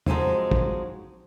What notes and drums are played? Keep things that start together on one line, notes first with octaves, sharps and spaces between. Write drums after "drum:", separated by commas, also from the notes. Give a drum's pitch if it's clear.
F3 F#3 G#3 C4 D#4, drum: tom
drum: kick